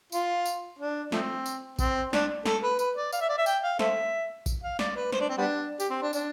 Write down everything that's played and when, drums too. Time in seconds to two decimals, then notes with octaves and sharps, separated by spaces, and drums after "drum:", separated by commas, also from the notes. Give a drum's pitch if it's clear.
0.12 F4, drum: tambourine
0.46 drum: tambourine
0.79 D4
1.12 F3 A3 C4, drum: snare
1.46 drum: tambourine
1.79 C4, drum: kick A1, tambourine
2.13 D4, drum: snare
2.46 A4, drum: snare
2.63 B4
2.79 B4, drum: tambourine
2.96 D5
3.13 F5, drum: tambourine
3.20 E5
3.29 D5
3.38 E5
3.46 G5, drum: tambourine
3.63 F5
3.79 A4 C5 E5, drum: snare
4.46 drum: kick A1, tambourine
4.63 F5
4.79 D5, drum: snare
4.96 B4
5.12 C5, drum: snare
5.21 D4
5.29 C4
5.38 G3 B3 D4
5.80 G4, drum: tambourine
5.90 C4
6.02 D4
6.13 D4, drum: tambourine